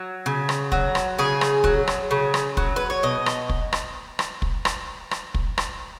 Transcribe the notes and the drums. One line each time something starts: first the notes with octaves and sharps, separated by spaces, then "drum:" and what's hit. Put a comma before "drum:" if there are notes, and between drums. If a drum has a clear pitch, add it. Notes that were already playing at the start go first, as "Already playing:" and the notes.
Already playing: F#3
C#3
drum: rim click
F#3, drum: kick
drum: rim click
C#3 G#4
drum: rim click
F#3, drum: kick
drum: rim click
C#3
drum: rim click
F#3, drum: kick
B4
C#5
B2 D#5
drum: rim click
drum: kick
drum: rim click
drum: rim click
drum: kick
drum: rim click
drum: rim click
drum: kick
drum: rim click